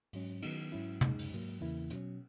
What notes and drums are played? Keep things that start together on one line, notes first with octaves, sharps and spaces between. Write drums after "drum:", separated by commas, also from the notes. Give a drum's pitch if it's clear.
G#2 F#3 C#4, drum: open hi-hat
D#3 F#3 B3 D#4, drum: cymbal
G#2 F#3 C#4 E4
F#2 C#3 G#3 D#4, drum: tom
drum: open hi-hat
G#2 F#3 A#3
E2 C#3 E3 A#3 E4
B2 F#3 C#4, drum: hi-hat